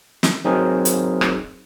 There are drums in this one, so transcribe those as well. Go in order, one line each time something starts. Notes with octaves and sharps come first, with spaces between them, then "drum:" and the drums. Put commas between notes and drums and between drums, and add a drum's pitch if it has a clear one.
drum: snare
F#3 C4 D#4 G#4 A#4 C5
drum: hi-hat
drum: rim click